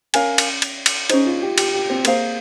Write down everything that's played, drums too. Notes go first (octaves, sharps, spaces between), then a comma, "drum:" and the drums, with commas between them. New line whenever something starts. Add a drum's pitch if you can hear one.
C#4 A#4 F5 G#5, drum: cymbal
drum: cymbal
drum: cymbal
drum: cymbal
C#4 D#4 G#4 C5, drum: cymbal
F4
G4
G4, drum: cymbal
G4
C4
A#3 G#4 C5 F5, drum: cymbal